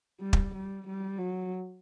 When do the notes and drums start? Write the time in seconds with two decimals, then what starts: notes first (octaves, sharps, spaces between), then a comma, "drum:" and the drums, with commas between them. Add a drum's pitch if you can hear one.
0.21 G3
0.33 drum: kick
0.54 G3
0.87 G3
1.19 F#3